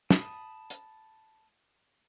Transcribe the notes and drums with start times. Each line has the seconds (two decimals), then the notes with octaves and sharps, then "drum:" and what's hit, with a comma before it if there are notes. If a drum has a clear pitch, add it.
0.10 A5 B5 D#6, drum: snare
0.70 drum: hi-hat